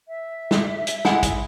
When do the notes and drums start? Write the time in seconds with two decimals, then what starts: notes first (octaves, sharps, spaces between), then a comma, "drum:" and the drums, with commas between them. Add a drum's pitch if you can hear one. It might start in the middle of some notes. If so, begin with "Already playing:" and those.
0.08 E5
0.51 drum: snare
0.87 drum: hi-hat
1.05 G#3 E4 F#5, drum: snare
1.23 drum: kick, hi-hat